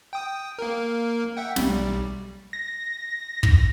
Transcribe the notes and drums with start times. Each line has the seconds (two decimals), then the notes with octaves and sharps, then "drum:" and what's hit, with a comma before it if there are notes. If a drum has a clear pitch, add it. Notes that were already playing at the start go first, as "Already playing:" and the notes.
0.13 G5 D#6
0.59 A#3 A#4
1.37 E5 F#5 G5
1.56 B1 G3, drum: snare
2.53 A#6
3.43 drum: kick